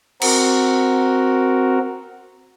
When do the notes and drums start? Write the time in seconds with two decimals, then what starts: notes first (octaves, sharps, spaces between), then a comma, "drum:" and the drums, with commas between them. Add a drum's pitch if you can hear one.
0.22 C4 F#4 A#4, drum: cymbal